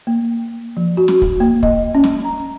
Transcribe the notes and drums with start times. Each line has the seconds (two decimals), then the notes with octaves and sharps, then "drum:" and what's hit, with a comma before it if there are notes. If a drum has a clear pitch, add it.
0.07 A#3
0.77 F3
0.97 F#4
1.08 drum: snare
1.22 drum: kick
1.40 A#3
1.63 D#5, drum: kick
1.95 C#4
2.04 drum: snare
2.25 A#5